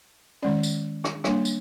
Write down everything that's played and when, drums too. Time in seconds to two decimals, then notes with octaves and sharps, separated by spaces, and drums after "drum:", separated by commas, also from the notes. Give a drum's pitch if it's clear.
0.42 D#3 G#3 C#4 D5
0.63 drum: tambourine
1.04 drum: rim click
1.24 G3 A#3 D4 C#5, drum: rim click
1.45 drum: tambourine